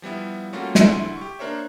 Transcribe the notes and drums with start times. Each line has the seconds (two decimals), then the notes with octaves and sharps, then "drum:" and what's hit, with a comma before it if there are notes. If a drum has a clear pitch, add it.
0.02 F3 G3 B3 E4
0.53 G3 A3 A#3 C#4 F4 F#4
0.75 C2 D3 E4 C6 D#7, drum: snare
1.17 G4 C#6
1.39 A#3 D4 A#4 C5 C#5 E5